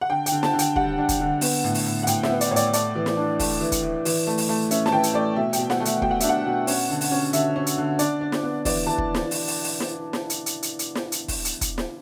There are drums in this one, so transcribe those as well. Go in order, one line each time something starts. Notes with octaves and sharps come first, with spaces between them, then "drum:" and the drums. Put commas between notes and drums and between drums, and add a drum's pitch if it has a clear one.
F#5
D3 G5
G5, drum: hi-hat
D3
A5, drum: snare
D3
G5, drum: hi-hat
G3 F#5, drum: kick
D4
drum: kick, hi-hat
D3
B3, drum: open hi-hat
A2
drum: open hi-hat
A2
F#5
A2 G5, drum: hi-hat
E5, drum: snare
B3
D5, drum: hi-hat
A2 C#5
D5, drum: hi-hat
A3 D5, drum: hi-hat
E3
drum: snare
D4
A3, drum: kick, open hi-hat
E3
drum: kick, hi-hat
E3
E3, drum: open hi-hat
A3
drum: open hi-hat
A3
C#4 E5, drum: hi-hat
A5, drum: snare
E3 G5
drum: hi-hat
A3 D5
B2 E5
B2 G5, drum: hi-hat
F#5, drum: snare
A3
E5, drum: hi-hat
B2 G5, drum: kick
F#5
D4 E5, drum: hi-hat
F#5
B2
C#4, drum: open hi-hat
D3
drum: open hi-hat
C#4
D3 E5, drum: hi-hat
C#4
drum: hi-hat
D3
D4 D5, drum: hi-hat
D4
drum: snare
B3
E3 D5, drum: kick, open hi-hat
E3 A5
drum: kick
drum: snare
drum: open hi-hat
drum: open hi-hat
drum: open hi-hat
drum: snare
drum: snare
drum: hi-hat
drum: hi-hat
drum: hi-hat
drum: hi-hat
drum: snare
drum: hi-hat
drum: kick, open hi-hat
drum: hi-hat
drum: kick, hi-hat
drum: snare